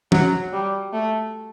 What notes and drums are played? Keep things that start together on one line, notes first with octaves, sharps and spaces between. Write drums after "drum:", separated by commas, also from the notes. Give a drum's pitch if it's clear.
F#3, drum: tom
G3
A3